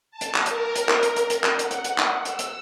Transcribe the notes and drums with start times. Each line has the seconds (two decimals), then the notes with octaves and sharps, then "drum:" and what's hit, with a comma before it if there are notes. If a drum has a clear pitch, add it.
0.11 A5
0.21 drum: hi-hat
0.35 drum: clap
0.46 A#4, drum: hi-hat
0.76 drum: hi-hat
0.89 drum: clap
1.03 drum: hi-hat
1.16 drum: hi-hat
1.30 drum: hi-hat
1.44 drum: clap
1.59 F#5, drum: hi-hat
1.71 drum: hi-hat
1.84 drum: hi-hat
1.98 drum: clap
2.25 E6, drum: hi-hat
2.39 drum: hi-hat